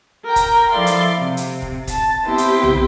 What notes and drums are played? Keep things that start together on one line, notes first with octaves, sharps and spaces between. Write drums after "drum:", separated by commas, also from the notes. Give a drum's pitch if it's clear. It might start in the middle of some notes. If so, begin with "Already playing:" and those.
A#4 G5 A#5
drum: kick, hi-hat
F3 E4 A4 D5 F5 C6
drum: hi-hat
C3
drum: hi-hat
drum: kick
A5 A6, drum: kick, hi-hat
B3 C4 E4 G4 B4 C5
drum: hi-hat
drum: tom